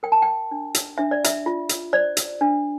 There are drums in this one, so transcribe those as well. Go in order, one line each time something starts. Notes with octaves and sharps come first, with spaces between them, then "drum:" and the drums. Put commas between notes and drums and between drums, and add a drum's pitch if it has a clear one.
A#4 G5
A5
G5
D4
drum: hi-hat
D4 E5
D5
E5, drum: hi-hat
F4
drum: hi-hat
C5 D5
drum: hi-hat
D4